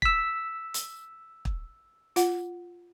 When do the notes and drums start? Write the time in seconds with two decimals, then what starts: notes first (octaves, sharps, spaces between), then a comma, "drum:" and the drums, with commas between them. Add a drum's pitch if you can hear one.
0.02 E6 B6, drum: kick
0.74 drum: hi-hat
1.45 drum: kick
2.16 F4 F#5, drum: hi-hat